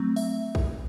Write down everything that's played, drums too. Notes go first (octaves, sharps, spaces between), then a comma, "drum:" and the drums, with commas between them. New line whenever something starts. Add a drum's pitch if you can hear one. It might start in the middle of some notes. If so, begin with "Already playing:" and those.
Already playing: F#3 A3 C4
E5, drum: open hi-hat
drum: kick